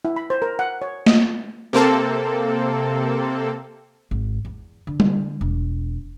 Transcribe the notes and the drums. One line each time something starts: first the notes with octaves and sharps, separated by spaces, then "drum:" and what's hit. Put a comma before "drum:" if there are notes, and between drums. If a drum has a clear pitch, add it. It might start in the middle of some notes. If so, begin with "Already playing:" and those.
E4
B5
C5
A#4
F#5
C#5
D#5, drum: snare A3
C3 A#3 C4 A4
G#1
E2
D3
drum: tom G3
E1